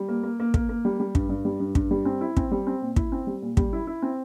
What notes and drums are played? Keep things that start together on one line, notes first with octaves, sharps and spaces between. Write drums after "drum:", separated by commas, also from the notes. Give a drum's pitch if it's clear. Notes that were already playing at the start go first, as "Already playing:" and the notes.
Already playing: G3
A#3
A#3
A#3
A#3, drum: kick
A#3
G3
G3
G2, drum: kick
G2
G3
G2
G2, drum: kick
G3
C4
E4
C4, drum: kick
G3
C4
A#2
E4, drum: kick
C4
G3
A#2
G3, drum: kick
E4
E4
C4